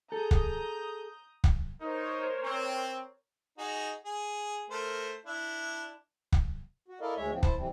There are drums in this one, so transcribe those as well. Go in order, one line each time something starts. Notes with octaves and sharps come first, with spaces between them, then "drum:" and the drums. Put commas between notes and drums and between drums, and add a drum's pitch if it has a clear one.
G#4 A4 A#5 D#6 G6
drum: kick
drum: kick
D#4 A#4 C5 C#5
C4
D#4 F#4 G#4
G#4
A3 A#4 C5
D4 E4
drum: kick
F#4
E4 A4 A#4 D5 D#5 F5
D2 G#3 C#5 E5
D#2 A2 F3 C4
E4 C5 A5, drum: kick
F2 E3 G3 C4